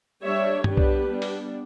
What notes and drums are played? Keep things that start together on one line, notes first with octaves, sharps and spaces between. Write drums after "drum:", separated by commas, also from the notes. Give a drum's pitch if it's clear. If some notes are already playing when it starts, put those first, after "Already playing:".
G3 D4 C#5 E5
G3 B3 D4 G4 B4, drum: tom G2
drum: kick B1
G3 B3 D4
drum: open hi-hat